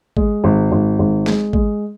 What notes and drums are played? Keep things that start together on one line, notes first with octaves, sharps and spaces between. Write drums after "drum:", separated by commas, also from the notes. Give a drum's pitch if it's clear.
G#3, drum: kick G#1
G#1
G#1
G#1
G#3, drum: snare
G#3, drum: kick G#1